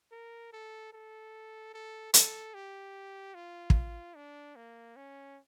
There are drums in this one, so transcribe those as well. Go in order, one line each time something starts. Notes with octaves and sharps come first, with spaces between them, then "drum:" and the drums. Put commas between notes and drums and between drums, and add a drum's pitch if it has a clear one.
A#4
A4
A4
A4
A4, drum: hi-hat
G4
F4
drum: kick
D4
A#3
C#4